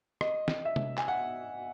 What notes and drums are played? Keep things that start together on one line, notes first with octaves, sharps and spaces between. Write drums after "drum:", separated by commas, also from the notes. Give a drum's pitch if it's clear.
D#5, drum: rim click
drum: snare
E5
drum: tom C3
G#5, drum: clap
F#5